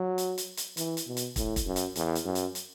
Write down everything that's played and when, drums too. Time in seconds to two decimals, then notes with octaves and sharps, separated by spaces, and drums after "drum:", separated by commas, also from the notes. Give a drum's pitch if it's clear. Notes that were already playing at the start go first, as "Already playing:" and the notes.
Already playing: F#3
0.18 drum: hi-hat
0.38 drum: hi-hat
0.57 drum: hi-hat
0.77 E3, drum: hi-hat
0.97 drum: hi-hat
1.07 B2
1.17 drum: hi-hat
1.36 A2, drum: kick, hi-hat
1.56 drum: kick, hi-hat
1.66 F#2
1.76 drum: hi-hat
1.96 E2, drum: hi-hat
2.15 drum: hi-hat
2.25 F#2
2.35 drum: hi-hat
2.55 drum: hi-hat